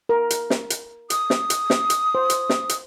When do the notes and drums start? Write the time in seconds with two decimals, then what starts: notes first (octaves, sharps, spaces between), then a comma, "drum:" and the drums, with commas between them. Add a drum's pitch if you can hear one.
0.09 A#4
0.30 drum: hi-hat
0.50 drum: snare
0.70 drum: hi-hat
1.10 D#6, drum: hi-hat
1.30 drum: snare
1.50 drum: hi-hat
1.70 drum: snare
1.90 drum: hi-hat
2.15 C5
2.30 drum: hi-hat
2.50 drum: snare
2.69 drum: hi-hat